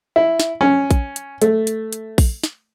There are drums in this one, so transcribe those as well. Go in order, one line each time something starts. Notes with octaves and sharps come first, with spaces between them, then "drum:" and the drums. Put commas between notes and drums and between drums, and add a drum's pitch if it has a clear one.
E4
drum: snare
C#4
drum: kick A#1, hi-hat
drum: hi-hat
A3, drum: hi-hat
drum: hi-hat
drum: hi-hat
drum: kick A#1, open hi-hat
drum: snare